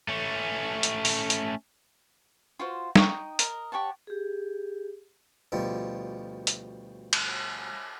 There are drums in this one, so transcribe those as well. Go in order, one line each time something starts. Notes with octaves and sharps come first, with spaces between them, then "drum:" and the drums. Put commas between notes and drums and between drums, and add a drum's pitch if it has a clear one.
A3 C#4
drum: hi-hat
drum: open hi-hat
drum: hi-hat
F4 F#4 C5
D#4 D#5 G5 C#6, drum: snare
A#4 D#5, drum: hi-hat
G4 C#5 F#5 A5
G4 G#4
D2 B2 F3 G3
drum: hi-hat
drum: cymbal